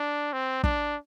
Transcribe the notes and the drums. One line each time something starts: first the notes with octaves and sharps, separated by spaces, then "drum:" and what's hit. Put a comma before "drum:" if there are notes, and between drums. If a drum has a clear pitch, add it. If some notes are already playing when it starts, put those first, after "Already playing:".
Already playing: D4
C4
D4, drum: kick